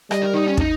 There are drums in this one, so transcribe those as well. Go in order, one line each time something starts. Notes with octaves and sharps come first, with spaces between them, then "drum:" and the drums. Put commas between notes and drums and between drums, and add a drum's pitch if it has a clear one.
G3 D#5, drum: rim click
A#4
D#4
C#4
D#4, drum: kick